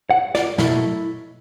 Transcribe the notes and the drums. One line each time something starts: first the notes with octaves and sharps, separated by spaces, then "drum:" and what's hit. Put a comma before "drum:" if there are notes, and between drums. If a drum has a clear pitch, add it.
F#5
D5, drum: snare
B2 F#3 A3 E4, drum: snare